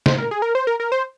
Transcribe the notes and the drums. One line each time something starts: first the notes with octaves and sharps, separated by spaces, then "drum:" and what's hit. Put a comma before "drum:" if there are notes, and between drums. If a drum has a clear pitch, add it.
C5, drum: snare
A#4
G#4
A#4
C5
A#4
A#4
C5